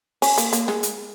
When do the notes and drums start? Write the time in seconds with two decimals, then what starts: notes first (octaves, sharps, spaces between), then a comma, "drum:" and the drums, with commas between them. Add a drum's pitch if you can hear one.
0.22 C#4, drum: open hi-hat
0.38 A#3, drum: hi-hat
0.53 A#3, drum: hi-hat
0.68 G#3, drum: snare
0.83 drum: hi-hat